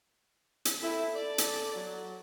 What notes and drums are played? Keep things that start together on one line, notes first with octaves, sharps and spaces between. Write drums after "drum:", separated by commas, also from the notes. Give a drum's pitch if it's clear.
drum: hi-hat
C4 E4 A4
D5
drum: hi-hat
F#3